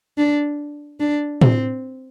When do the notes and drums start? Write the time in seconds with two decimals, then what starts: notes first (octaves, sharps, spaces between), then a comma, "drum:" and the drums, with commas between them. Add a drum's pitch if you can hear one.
0.18 D4
1.00 D4
1.42 C4, drum: tom A2